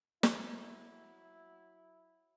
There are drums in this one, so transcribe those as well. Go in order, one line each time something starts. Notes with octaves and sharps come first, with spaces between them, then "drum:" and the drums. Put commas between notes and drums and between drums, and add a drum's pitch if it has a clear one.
F#3 E4, drum: snare